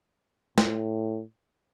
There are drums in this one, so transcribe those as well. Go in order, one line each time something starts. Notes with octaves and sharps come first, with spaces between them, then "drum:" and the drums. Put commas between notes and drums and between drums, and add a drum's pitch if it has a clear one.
A2, drum: snare